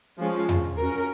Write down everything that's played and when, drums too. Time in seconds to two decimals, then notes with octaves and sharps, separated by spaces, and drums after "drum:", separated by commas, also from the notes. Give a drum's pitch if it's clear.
0.19 F3 G#3 C#4 F4
0.49 drum: tom E2
0.78 C#4 F#4 A#4